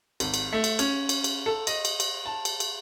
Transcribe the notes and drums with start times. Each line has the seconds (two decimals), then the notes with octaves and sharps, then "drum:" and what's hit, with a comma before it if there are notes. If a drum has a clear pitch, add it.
0.20 G#1, drum: cymbal
0.34 drum: cymbal
0.53 A3
0.64 drum: cymbal
0.79 C#4, drum: cymbal
1.09 drum: cymbal
1.24 drum: cymbal
1.46 A4
1.67 D#5, drum: cymbal
1.85 drum: cymbal
2.00 drum: cymbal
2.25 A5
2.45 drum: cymbal
2.60 drum: cymbal